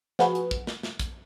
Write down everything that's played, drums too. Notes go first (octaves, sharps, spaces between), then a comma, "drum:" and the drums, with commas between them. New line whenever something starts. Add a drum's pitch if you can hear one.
F3 F#4 G#4 B4, drum: snare
drum: hi-hat
drum: kick
drum: snare
drum: snare
drum: kick, hi-hat